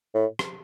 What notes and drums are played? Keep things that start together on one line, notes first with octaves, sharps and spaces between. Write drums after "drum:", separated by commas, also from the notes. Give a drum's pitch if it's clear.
A2
drum: rim click